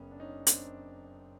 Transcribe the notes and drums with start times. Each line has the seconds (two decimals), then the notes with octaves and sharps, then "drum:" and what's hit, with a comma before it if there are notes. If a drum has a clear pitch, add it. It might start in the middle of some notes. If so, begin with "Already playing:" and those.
Already playing: F#1 F#2 C#3 B3 C#4
0.11 D4
0.20 C#4 D#4
0.47 C4 D4, drum: hi-hat